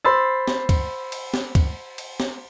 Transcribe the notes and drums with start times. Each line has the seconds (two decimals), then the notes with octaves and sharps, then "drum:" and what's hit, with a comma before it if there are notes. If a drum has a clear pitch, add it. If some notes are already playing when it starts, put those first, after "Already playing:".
0.05 C5 B5 C6 E6 A6
0.48 drum: snare
0.69 drum: kick, cymbal
1.12 drum: cymbal
1.34 drum: snare
1.55 drum: kick, cymbal
1.98 drum: cymbal
2.20 drum: snare